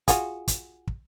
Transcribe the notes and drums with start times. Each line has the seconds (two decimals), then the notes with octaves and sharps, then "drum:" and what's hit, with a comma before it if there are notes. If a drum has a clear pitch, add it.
0.08 F4 F#4 G#4, drum: kick, hi-hat
0.48 drum: kick, hi-hat
0.87 drum: kick